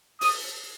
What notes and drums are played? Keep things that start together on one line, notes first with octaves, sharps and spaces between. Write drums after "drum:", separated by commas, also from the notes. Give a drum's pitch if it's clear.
D#6, drum: open hi-hat